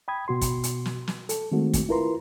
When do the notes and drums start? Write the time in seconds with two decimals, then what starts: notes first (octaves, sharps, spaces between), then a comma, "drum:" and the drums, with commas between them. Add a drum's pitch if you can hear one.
0.08 G5 B5 D#6 G#6
0.28 B2 F#4 C6
0.41 drum: kick, hi-hat
0.63 drum: hi-hat
0.85 drum: snare
1.08 drum: snare
1.29 A4, drum: hi-hat
1.52 D#3 G#3 A3 C4 F#4
1.74 drum: kick, hi-hat
1.89 E4 F4 A#4 B4 A#5 C6